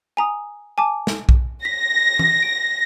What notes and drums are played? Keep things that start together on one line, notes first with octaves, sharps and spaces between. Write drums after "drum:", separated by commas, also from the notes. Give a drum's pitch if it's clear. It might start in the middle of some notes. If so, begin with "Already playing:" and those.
G#5 A#5 D#6
G#5 A5 D6
drum: snare
drum: kick B1
A#6 B6
drum: tom E3
D7